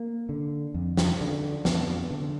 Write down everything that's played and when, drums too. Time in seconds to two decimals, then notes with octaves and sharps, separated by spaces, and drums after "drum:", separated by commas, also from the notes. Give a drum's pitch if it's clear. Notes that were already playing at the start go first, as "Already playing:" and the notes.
Already playing: A#3
0.29 D3
0.74 F2
0.97 drum: snare
1.21 D3
1.65 F2 B3, drum: snare
2.11 D3